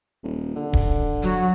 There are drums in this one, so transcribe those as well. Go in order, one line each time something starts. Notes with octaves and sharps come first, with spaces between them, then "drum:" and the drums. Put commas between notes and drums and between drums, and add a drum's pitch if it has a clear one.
D#1
D3
drum: kick D1
F#3